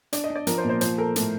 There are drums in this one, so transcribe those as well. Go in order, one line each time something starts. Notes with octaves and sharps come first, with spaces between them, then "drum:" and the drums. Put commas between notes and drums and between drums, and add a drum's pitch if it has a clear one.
D4 D5, drum: hi-hat
D#5
D4
D5
F3 A#4, drum: hi-hat
C5
A#2
C5
F3 C5, drum: hi-hat
A4 A#4
A2 A#4, drum: hi-hat